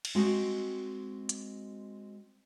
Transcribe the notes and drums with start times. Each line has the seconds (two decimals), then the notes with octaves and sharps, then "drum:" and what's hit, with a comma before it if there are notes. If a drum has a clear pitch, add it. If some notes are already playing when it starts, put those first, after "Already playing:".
0.05 drum: cymbal
0.15 G#3 C4 F#4 D#5 G5
1.29 drum: hi-hat